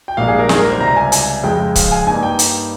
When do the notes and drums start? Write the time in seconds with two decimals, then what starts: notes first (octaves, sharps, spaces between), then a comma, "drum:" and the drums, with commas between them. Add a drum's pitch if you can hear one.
0.08 G5
0.17 A#1 G#2 G3 A#3 F5
0.28 G#4
0.39 A#4
0.49 G#4, drum: snare
0.59 A#4
0.70 C5
0.80 C#2 C3 G3 A#5
0.96 G#5
1.12 G#5, drum: hi-hat
1.44 F2 C#3 G#3 G5
1.76 F5, drum: kick C#1, hi-hat
1.91 G#5
2.07 G2 G3 A#3 D#4 G#5
2.23 G5
2.39 drum: hi-hat